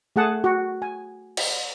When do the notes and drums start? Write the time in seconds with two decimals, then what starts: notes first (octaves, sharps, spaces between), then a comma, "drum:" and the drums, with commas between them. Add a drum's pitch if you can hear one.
0.16 A3 G#4 F#5 A5
0.44 F#4
0.82 G#5
1.37 drum: cymbal